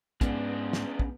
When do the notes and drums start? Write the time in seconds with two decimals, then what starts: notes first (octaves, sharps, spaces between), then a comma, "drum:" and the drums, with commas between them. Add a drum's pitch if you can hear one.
0.21 G#2 G#3 B3 C#4 D4, drum: kick, hi-hat
0.73 drum: snare
1.00 drum: kick